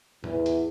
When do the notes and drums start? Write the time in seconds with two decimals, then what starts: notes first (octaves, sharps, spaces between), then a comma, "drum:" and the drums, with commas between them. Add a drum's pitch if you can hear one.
0.24 E2, drum: tom G#2
0.46 drum: hi-hat